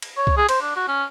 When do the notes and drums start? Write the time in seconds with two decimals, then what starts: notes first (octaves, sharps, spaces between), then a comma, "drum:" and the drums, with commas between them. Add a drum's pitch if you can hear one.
0.02 drum: cymbal
0.17 C#5
0.27 drum: kick C2
0.37 G#4
0.49 C5, drum: cymbal
0.61 D4
0.76 F#4
0.88 C#4